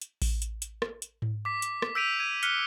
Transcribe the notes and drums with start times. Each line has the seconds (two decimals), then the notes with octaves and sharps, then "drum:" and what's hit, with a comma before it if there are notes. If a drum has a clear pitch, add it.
0.02 drum: hi-hat
0.22 drum: kick A1, open hi-hat
0.42 drum: hi-hat
0.62 drum: hi-hat
0.82 drum: rim click
1.02 drum: hi-hat
1.22 drum: tom G#2
1.45 D6 B6
1.62 drum: hi-hat
1.82 drum: rim click
1.95 E6 G6 B6 D7 D#7 F7
2.20 G#6 D#7
2.43 F6 F#6 B6 C#7 G7, drum: hi-hat